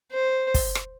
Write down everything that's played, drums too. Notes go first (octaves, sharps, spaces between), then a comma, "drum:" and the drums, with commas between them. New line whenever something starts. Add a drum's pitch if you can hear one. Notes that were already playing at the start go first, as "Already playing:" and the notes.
C5
drum: kick, open hi-hat
drum: rim click